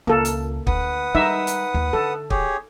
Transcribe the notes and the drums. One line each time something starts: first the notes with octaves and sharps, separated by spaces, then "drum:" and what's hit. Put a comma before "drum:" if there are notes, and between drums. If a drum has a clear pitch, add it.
C#2 A#3 A4
drum: hi-hat
D2 B4 F#5 D#6, drum: kick
G3 D#4 E5
drum: hi-hat
D#2
D3 A4
G4 G#4 C#5, drum: kick